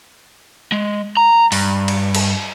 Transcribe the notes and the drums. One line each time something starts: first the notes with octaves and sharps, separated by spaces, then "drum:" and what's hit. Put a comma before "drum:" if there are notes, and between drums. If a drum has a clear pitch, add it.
G#3
A#5
G2, drum: open hi-hat
drum: cymbal
drum: cymbal